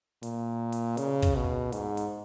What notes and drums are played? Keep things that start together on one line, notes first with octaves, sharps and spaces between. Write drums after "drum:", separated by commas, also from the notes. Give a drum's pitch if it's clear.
A#2, drum: hi-hat
drum: hi-hat
C#3, drum: hi-hat
drum: kick, hi-hat
B2
G#2, drum: hi-hat
drum: hi-hat